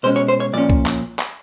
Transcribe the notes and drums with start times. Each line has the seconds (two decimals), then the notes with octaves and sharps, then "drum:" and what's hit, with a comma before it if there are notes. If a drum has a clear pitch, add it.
0.03 B2 G#3 C#4 C5
0.16 C#5
0.28 C5
0.40 C#5
0.53 A#2 F3 A#3 C#4 D5
0.70 drum: kick C2
0.86 drum: clap
1.19 drum: clap